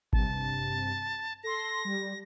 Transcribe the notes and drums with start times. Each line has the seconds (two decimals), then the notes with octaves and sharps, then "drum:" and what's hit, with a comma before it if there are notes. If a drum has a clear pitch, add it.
0.13 G2 C3 A5, drum: kick G#1
1.44 A4 C6 A#6
1.85 G3